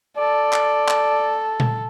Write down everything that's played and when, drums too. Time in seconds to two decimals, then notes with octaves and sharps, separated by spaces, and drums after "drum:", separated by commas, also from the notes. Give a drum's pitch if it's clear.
0.17 A4 D5
0.53 drum: clap
0.88 drum: clap
1.60 drum: tom A#2